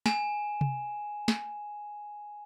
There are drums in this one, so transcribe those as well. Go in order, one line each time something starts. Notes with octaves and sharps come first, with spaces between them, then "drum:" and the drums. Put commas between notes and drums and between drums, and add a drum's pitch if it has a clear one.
G#5 E7, drum: snare
drum: tom C3
drum: snare